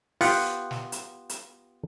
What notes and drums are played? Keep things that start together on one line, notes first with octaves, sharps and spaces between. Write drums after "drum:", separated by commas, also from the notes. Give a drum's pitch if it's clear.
B3 F4 G4 F#5, drum: open hi-hat
drum: snare
drum: hi-hat
drum: hi-hat